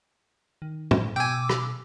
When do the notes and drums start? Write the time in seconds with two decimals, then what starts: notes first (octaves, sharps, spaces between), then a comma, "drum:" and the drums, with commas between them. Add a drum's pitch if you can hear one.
0.62 D#3
0.91 drum: tom
1.16 B2 G5 G#5 D6 E6
1.49 drum: rim click